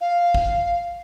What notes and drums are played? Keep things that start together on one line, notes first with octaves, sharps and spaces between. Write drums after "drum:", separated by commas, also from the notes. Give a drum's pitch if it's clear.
F5
drum: kick A1